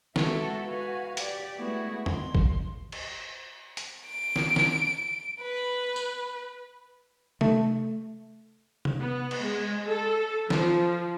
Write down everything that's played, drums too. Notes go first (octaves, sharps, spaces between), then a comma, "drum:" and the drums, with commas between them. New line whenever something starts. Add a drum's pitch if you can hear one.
G#3 B3 E4 F#4 A4, drum: snare
F#4 B4 F5 G#5
G4 D5, drum: hi-hat
G#3 A3 B3 E4 F#4 G#4
C6, drum: tom
drum: kick
drum: cymbal
drum: hi-hat
D7
drum: snare
drum: snare
B4
drum: tambourine
A3, drum: tom C3
drum: tom C3
B3
drum: cymbal
G#3
A4
F3, drum: snare